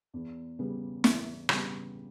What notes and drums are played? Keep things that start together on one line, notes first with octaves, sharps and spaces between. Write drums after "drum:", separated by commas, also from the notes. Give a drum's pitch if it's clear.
E2
C#3 G3 B3
E2, drum: snare
C#3 G3 B3, drum: rim click